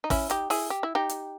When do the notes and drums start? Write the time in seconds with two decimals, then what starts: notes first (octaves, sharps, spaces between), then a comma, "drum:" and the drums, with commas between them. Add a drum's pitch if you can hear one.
0.04 D#4
0.10 C#4 E4, drum: kick, open hi-hat
0.30 D#4 G4, drum: hi-hat
0.50 E4 G#4, drum: open hi-hat
0.70 G4
0.83 E4
0.95 D#4 G4
1.09 drum: hi-hat